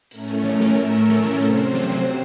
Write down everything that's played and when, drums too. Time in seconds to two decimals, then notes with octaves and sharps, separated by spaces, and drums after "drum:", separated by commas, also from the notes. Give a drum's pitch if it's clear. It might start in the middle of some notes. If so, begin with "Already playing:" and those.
0.11 A2 A3 C#4 A#4, drum: hi-hat
0.28 drum: hi-hat
0.44 A#4, drum: snare
0.60 drum: snare
0.76 A4, drum: hi-hat
0.93 drum: hi-hat
1.09 A#4, drum: snare
1.25 drum: snare
1.41 C3 F#3 C4 C5, drum: hi-hat
1.58 drum: hi-hat
1.74 drum: snare
1.90 drum: snare
2.06 drum: hi-hat